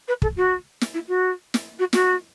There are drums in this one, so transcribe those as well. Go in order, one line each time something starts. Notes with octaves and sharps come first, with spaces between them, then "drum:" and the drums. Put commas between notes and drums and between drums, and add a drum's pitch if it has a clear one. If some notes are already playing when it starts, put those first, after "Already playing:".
B4
A4, drum: kick
F#4
drum: snare
E4
F#4
drum: snare
F#4
F#4, drum: snare